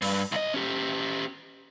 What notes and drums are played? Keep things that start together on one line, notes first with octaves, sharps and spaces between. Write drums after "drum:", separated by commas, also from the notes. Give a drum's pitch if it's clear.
G2, drum: open hi-hat
C2 D#5
C#4 G4